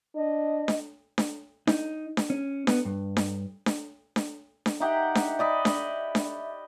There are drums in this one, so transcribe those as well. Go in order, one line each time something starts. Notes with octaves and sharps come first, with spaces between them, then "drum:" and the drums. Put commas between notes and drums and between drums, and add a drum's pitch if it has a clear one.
D4 D#5
drum: snare D4
drum: snare D4
D#4, drum: snare D4
drum: snare D4
C#4
B3, drum: snare D4
G2
drum: snare D4
drum: snare D4
drum: snare D4
drum: snare D4
D#4 G4 E5 F#5
drum: snare D4
D5 D#5 B5
drum: snare D4
drum: snare D4